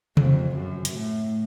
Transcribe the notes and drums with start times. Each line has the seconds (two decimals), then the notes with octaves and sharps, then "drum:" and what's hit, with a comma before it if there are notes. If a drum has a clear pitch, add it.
0.17 F2, drum: tom C3
0.55 F#2
0.85 drum: hi-hat
0.95 A2